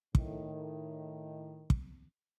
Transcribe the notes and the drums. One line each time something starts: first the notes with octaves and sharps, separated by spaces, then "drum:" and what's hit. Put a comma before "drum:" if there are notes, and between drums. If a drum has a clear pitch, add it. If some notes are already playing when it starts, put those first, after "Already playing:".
A2 D#3, drum: kick
drum: kick